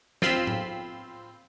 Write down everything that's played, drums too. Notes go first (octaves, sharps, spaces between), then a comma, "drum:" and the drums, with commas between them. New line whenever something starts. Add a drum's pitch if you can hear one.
C4 F4 B5 C6 E6, drum: snare
drum: tom